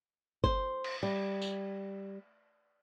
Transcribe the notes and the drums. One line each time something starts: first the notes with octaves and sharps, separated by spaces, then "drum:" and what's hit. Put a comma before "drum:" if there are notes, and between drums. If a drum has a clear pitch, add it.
C5, drum: kick
drum: cymbal
G3
drum: tambourine